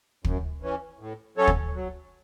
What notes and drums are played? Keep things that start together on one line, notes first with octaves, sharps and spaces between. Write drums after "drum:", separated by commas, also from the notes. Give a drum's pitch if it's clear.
F#2, drum: kick
E3 C#4
A2
F#3 C#4 A4 C#5
drum: kick
F#3